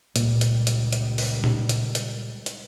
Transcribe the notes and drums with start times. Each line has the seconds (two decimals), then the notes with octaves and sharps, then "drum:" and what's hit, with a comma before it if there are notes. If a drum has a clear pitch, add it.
0.16 C#2 A#2 G3, drum: hi-hat
0.41 drum: hi-hat
0.67 drum: hi-hat
0.93 drum: hi-hat
1.18 drum: open hi-hat
1.44 drum: tom A#2
1.69 drum: hi-hat
1.95 drum: hi-hat
2.46 drum: hi-hat